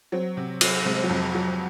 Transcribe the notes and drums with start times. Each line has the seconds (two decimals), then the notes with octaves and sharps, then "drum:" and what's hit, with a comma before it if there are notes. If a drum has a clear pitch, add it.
0.12 F#3 C4
0.37 C3
0.61 F#3, drum: cymbal
0.85 C3 G#3
1.04 F#3
1.09 F2
1.35 F#3